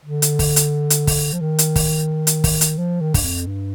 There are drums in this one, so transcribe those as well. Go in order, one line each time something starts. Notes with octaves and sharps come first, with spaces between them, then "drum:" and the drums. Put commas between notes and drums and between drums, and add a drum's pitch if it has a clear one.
D3
drum: hi-hat
drum: kick, open hi-hat
drum: hi-hat
drum: hi-hat
drum: kick, open hi-hat
F3
D#3
drum: hi-hat
drum: kick, open hi-hat
drum: hi-hat
drum: kick, open hi-hat
drum: hi-hat
F3
D#3
G2, drum: kick, open hi-hat
F2
G2